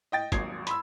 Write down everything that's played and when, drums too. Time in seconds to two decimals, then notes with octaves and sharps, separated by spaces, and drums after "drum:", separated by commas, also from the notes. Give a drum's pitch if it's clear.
0.12 D#5 G5 A6
0.32 D#1 G#1 D#2 F#3 G#6 C7, drum: kick, hi-hat
0.67 B5 C6 E6, drum: hi-hat